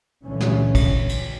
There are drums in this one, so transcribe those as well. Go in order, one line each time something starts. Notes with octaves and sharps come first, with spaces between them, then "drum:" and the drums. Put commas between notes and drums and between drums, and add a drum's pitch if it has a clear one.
G1 C#2 A#2 D3 E3 C#4
drum: snare
drum: kick, cymbal
drum: cymbal